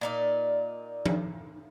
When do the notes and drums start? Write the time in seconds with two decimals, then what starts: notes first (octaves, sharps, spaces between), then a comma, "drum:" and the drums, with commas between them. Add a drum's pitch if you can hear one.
0.01 A#2 D#4 D5
1.06 drum: tom F3